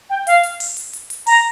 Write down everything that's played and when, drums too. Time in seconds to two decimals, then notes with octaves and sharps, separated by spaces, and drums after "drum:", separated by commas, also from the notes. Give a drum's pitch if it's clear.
0.10 G5
0.27 F5, drum: hi-hat
0.43 drum: hi-hat
0.60 drum: open hi-hat
0.77 drum: hi-hat
0.93 drum: hi-hat
1.10 drum: hi-hat
1.27 A#5, drum: open hi-hat